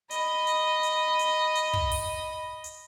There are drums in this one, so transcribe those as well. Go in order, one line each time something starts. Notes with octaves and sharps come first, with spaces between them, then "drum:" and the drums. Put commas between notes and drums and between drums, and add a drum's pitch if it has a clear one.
D#5 B5, drum: hi-hat
drum: hi-hat
drum: hi-hat
drum: hi-hat
drum: hi-hat
drum: kick
drum: open hi-hat
drum: hi-hat